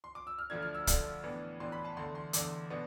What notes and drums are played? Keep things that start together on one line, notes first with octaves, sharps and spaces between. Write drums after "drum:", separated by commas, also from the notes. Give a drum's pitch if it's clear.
C6
D6
E6
F6
D2 D3 F3 A3 D4 G#6
F6
E6
D2 D3 F3 A3 D4, drum: kick, hi-hat
A2 E3 B3 D4
A2 E3 B3 D4 C6
B5
A5
E2 D3 A3 C6
C6
E2 D3 A3 D6, drum: hi-hat
B2 B3 D4